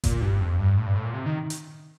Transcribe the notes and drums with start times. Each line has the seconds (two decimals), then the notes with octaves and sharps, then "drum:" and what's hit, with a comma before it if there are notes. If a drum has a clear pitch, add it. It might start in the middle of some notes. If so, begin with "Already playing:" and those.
0.04 A#2, drum: kick F#1, hi-hat
0.21 G2
0.41 F2
0.59 G2
0.77 A2
0.86 G2
0.96 A2
1.05 A#2
1.14 C3
1.26 D#3
1.50 drum: hi-hat